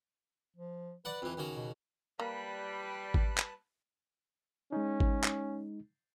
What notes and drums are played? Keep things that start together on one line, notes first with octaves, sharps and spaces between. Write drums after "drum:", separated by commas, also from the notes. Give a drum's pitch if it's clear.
F3
B4 D5 F#5
F2 E3
D#2 C#3 F#4
B2
G3 A#3 B4 A5 B5 F#6
drum: kick G#1
drum: clap
G#3 C#4 D#4
drum: kick G#1
drum: clap